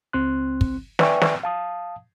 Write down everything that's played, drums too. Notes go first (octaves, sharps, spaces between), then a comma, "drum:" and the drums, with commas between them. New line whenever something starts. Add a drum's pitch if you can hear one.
C#2 C4 C6 F#6
drum: kick
B4 D5 E5 G5 G#5 C#6, drum: snare
drum: snare
F5 A5 D#6